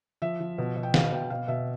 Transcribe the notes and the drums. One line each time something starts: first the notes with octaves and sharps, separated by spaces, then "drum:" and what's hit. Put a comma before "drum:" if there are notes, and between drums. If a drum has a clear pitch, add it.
F3 E5
F3
B2
B2
G5
B2 F5, drum: snare
B2 G5
B2 F5
B2 E5